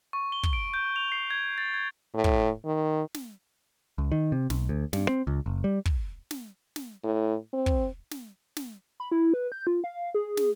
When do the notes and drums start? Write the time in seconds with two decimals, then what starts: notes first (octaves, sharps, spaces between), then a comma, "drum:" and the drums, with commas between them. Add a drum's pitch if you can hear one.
0.13 C#6
0.32 G7
0.43 drum: kick
0.53 D7
0.74 G6
0.96 F7
1.12 C7
1.30 G#6
1.58 A6
1.74 G#6
2.14 A2
2.24 drum: kick
2.65 D#3
3.14 drum: snare
3.98 C#2
4.12 D#3
4.32 C3
4.50 B1, drum: snare
4.69 D2
4.93 G2, drum: snare
5.09 C4
5.27 C#2
5.46 F#1
5.64 G3
5.85 drum: kick
6.31 drum: snare
6.76 drum: snare
7.04 A2
7.53 C4
7.66 drum: kick
8.11 drum: snare
8.57 drum: snare
9.00 B5
9.11 E4
9.34 B4
9.52 G6
9.67 F4
9.84 F5
10.14 G#4
10.37 drum: snare